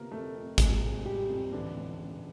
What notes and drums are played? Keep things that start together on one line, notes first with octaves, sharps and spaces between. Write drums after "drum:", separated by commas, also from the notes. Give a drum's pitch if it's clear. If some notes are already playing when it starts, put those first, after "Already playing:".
Already playing: G1 C3 A#3 A#4
F2 A3 A4
F2
F2 G#3 G#4, drum: kick, hi-hat
F2
C3 G3 G4
F2
D3 E3 D4
E1
C#3